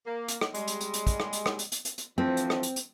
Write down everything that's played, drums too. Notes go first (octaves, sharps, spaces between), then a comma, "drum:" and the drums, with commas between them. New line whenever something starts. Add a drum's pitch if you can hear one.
A#3
drum: hi-hat
drum: rim click
G3 G#3, drum: hi-hat
drum: hi-hat
drum: hi-hat
drum: hi-hat
drum: kick, hi-hat
drum: rim click
drum: hi-hat
drum: rim click
drum: hi-hat
drum: hi-hat
drum: hi-hat
drum: hi-hat
D2 E3 F3 C4
drum: hi-hat
drum: rim click
drum: hi-hat
drum: hi-hat